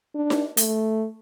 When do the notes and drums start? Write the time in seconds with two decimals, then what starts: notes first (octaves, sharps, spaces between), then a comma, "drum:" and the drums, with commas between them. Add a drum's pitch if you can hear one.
0.15 D4
0.30 drum: snare D#4
0.57 A3, drum: hi-hat